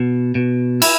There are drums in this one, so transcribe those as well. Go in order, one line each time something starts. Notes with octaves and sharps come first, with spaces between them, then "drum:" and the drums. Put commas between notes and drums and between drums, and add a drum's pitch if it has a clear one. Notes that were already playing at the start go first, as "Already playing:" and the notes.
Already playing: B2
B2
E4, drum: cymbal